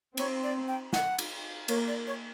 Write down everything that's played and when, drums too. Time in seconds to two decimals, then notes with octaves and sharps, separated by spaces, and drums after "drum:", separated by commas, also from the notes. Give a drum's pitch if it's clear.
0.17 C4 C#5, drum: cymbal
0.43 D5
0.68 G5
0.93 F#5, drum: snare
1.18 drum: cymbal
1.68 A#3 C#5, drum: cymbal
1.87 D5
2.07 C#5